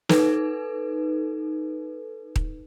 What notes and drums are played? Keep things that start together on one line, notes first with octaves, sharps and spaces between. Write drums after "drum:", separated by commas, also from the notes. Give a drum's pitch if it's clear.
D#4 A4 B4, drum: snare
drum: kick D#1